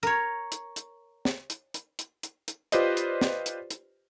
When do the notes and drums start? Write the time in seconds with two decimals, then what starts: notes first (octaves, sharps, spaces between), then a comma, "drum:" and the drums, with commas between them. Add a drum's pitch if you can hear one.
0.03 A#4 C#5
0.52 drum: hi-hat
0.76 drum: hi-hat
1.25 drum: snare
1.50 drum: hi-hat
1.74 drum: hi-hat
1.99 drum: hi-hat
2.23 drum: hi-hat
2.48 drum: hi-hat
2.72 F4 G4 B4 C5 D5 D#5, drum: hi-hat
2.97 drum: hi-hat
3.21 drum: snare
3.46 drum: hi-hat
3.70 drum: hi-hat